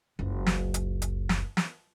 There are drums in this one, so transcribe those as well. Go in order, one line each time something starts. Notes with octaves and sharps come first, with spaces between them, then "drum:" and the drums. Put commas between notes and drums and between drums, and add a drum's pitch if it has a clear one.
F#1 C#2
drum: snare
drum: hi-hat
drum: hi-hat
drum: snare
drum: snare